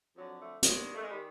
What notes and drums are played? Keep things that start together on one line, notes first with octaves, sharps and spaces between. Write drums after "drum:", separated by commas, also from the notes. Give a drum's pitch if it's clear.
F2 D3 F#3
A3
G2 D#3 G#3, drum: hi-hat
A3
G#3
D#3 G3